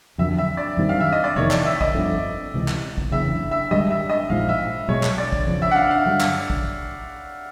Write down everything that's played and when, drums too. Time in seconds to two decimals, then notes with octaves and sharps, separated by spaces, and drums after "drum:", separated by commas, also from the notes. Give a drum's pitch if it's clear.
0.18 F2 D3 F#3 A#3 E5
0.38 E5
0.57 D5
0.77 F#2 D#3 G3 C4
0.89 F5
1.00 E5
1.13 D#5
1.24 D5
1.36 F1 E2 C3 D#3 C#5
1.51 D5, drum: clap
1.65 E5
1.81 D#5, drum: kick
1.94 G1 F2 D3
2.54 C#2 C3 E3
2.68 drum: clap
2.98 drum: kick
3.12 F#1 E2 C#3 E5
3.51 E5
3.71 G#1 G#2 D#3 G3 D#5
3.91 E5
4.10 D#5
4.30 A#1 G#2 F3 F5
4.49 E5
4.88 B1 B2 G#3 C#5
5.03 drum: clap
5.18 D5
5.32 drum: kick
5.47 F2 C#3 F3
5.62 E5
5.71 F#5
5.76 F5
5.91 F5
6.05 G2 D3 F#3
6.21 drum: clap
6.50 drum: kick